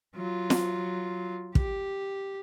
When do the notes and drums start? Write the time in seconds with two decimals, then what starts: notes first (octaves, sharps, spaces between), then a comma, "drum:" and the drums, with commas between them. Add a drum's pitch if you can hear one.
0.15 F#3 F4
0.50 drum: snare
1.55 G4, drum: kick